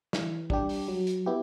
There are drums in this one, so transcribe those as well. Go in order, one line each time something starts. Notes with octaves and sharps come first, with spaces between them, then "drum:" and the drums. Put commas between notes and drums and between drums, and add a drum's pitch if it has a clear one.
E3, drum: snare
G3 D4 G4, drum: kick
drum: open hi-hat
F#3
drum: hi-hat
B3 E4 G4